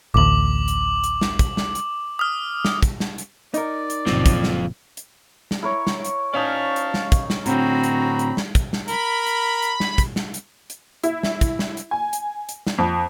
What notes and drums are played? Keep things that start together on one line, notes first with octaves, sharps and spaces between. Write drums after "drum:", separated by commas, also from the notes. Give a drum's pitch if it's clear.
A1 D2 D6 F#7
drum: hi-hat
drum: hi-hat
drum: snare
drum: kick, hi-hat
drum: snare
drum: hi-hat
D#6 F6
drum: snare
drum: kick, hi-hat
drum: snare
drum: hi-hat
D#4 A#4 D5, drum: hi-hat
drum: hi-hat
F#1 A#2 F3 C4, drum: snare
drum: kick, hi-hat
drum: snare
drum: hi-hat
drum: snare
E4 A#4 C#5
drum: snare
drum: hi-hat
C#4 D#4 D5 F5 A5 F6
drum: hi-hat
drum: snare
drum: kick, hi-hat
drum: snare
A2 D3 C4 F#4 A#5 B5, drum: hi-hat
drum: hi-hat
drum: hi-hat
drum: snare
drum: kick, hi-hat
drum: snare
A#4 B5, drum: hi-hat
drum: hi-hat
drum: hi-hat
drum: snare
drum: kick, hi-hat
drum: snare
drum: hi-hat
drum: hi-hat
E4, drum: hi-hat
drum: snare
drum: kick, hi-hat
drum: snare
drum: hi-hat
G#5
drum: hi-hat
drum: hi-hat
drum: snare
F2